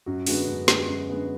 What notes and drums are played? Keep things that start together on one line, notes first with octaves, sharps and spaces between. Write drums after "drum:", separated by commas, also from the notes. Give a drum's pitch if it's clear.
F#2 F#4
D3 G#3 B3 F#4, drum: open hi-hat
F#2
D3 G#3 B3, drum: snare
F#2
D3 G#3 B3